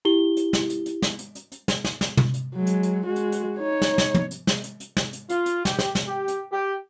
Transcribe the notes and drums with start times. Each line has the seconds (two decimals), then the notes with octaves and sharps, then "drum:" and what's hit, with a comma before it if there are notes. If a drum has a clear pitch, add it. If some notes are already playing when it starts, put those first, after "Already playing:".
0.05 E4 G4 G7
0.37 drum: hi-hat
0.53 drum: snare
0.70 drum: hi-hat
0.86 drum: hi-hat
1.02 drum: snare
1.19 drum: hi-hat
1.35 drum: hi-hat
1.52 drum: hi-hat
1.68 drum: snare
1.85 drum: snare
2.01 drum: snare
2.17 drum: tom
2.34 drum: hi-hat
2.55 F#3 G#3
2.67 drum: hi-hat
2.83 drum: hi-hat
3.07 G#3 F#4
3.16 drum: hi-hat
3.32 drum: hi-hat
3.57 D#4 C#5
3.82 drum: snare
3.98 drum: snare
4.14 drum: tom
4.31 drum: hi-hat
4.47 drum: snare
4.64 drum: hi-hat
4.80 drum: hi-hat
4.97 drum: snare
5.13 drum: hi-hat
5.29 F4, drum: hi-hat
5.46 drum: hi-hat
5.65 G4, drum: snare
5.79 drum: snare
5.95 drum: snare
6.07 G4
6.28 drum: hi-hat
6.52 G4